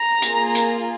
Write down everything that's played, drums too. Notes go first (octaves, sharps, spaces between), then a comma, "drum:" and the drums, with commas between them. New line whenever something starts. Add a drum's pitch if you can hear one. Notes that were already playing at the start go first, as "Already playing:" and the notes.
Already playing: A#5
A#3 F4 G#4, drum: hi-hat
drum: hi-hat